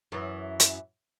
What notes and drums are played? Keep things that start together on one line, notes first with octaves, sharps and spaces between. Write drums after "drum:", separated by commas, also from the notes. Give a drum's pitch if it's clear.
F#2 E3
drum: hi-hat